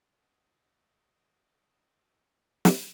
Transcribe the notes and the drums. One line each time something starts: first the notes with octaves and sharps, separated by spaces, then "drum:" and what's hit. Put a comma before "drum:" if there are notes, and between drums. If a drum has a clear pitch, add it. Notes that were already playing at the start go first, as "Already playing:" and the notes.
F#4 D#5 G5 E6 A6
drum: snare